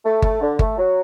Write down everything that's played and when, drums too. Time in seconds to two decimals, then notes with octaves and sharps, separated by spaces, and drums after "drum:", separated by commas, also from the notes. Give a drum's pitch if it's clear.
0.04 A3
0.22 A3, drum: kick G1
0.41 D3
0.59 A3, drum: kick G1
0.77 F#3